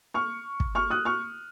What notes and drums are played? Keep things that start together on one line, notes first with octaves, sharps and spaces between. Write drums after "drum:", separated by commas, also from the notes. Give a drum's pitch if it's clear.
C#6 F6
drum: kick
C#6 F6
D#6 F#6
C#6 F6